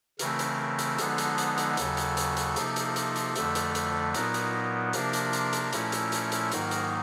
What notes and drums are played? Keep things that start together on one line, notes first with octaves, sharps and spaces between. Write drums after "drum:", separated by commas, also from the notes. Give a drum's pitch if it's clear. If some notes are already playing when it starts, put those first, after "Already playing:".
C#3 E3 A3 C4 A#4, drum: hi-hat
drum: hi-hat
drum: hi-hat
D3 F3 G#3 B3 D#4 A4, drum: hi-hat
drum: hi-hat
drum: hi-hat
drum: hi-hat
D#2 C#3 F#3 A4, drum: hi-hat
drum: hi-hat
drum: hi-hat
drum: hi-hat
C3 F3 A#3 D#4, drum: hi-hat
drum: hi-hat
drum: hi-hat
drum: hi-hat
F2 D3 F3 A3, drum: hi-hat
drum: hi-hat
drum: hi-hat
A#2 F#3 B3 D#4 A#4, drum: hi-hat
drum: hi-hat
C3 F3 A#3 D4 A#4, drum: hi-hat
drum: hi-hat
drum: hi-hat
drum: hi-hat
A#2 F3 A3 C#4 E4, drum: hi-hat
drum: hi-hat
drum: hi-hat
drum: hi-hat
G#2 D#3 F#3 A#3 D#4 A#4, drum: hi-hat
drum: hi-hat